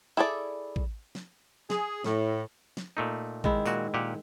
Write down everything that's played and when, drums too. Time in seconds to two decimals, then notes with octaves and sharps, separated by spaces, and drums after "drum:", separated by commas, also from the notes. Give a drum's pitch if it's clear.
0.17 E4 G#4 A4 D5
0.76 drum: kick
1.15 drum: snare
1.70 G#4, drum: snare
2.04 A2, drum: snare
2.77 drum: snare
2.97 A#2 A3 D#4
3.44 D#3 G#3 E4, drum: kick
3.66 A#2 F#4, drum: tambourine
3.94 A#2 G4 F#5